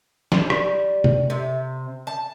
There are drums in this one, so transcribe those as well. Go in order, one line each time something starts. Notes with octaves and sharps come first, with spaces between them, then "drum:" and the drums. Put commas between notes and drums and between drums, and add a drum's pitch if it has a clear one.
G3, drum: snare
drum: rim click
drum: tom C3
C3
A5